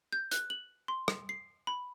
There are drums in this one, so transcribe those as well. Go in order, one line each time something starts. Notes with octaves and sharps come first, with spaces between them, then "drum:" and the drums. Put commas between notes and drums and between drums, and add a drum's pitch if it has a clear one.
G6
F#6, drum: hi-hat
F#7
C6
drum: rim click
C7
B5